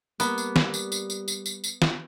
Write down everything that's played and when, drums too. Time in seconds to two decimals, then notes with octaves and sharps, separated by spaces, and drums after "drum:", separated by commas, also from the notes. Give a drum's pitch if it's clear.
0.20 G3 A#3 B3, drum: tambourine
0.38 drum: tambourine
0.56 drum: snare
0.74 drum: tambourine
0.92 drum: tambourine
1.10 drum: tambourine
1.28 drum: tambourine
1.46 drum: tambourine
1.64 drum: tambourine
1.82 drum: snare